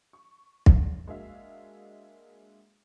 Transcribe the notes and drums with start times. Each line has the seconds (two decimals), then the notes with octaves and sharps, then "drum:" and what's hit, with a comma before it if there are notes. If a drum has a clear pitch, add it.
0.13 C#6
0.66 drum: kick
1.07 G#3 A#3 D4 F#4 E5 F5